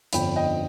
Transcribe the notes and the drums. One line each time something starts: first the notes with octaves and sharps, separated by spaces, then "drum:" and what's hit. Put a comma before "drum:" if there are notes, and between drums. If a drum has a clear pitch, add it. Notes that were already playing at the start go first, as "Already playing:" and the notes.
G1 F2 D3 G5 B5, drum: hi-hat
D#5 G5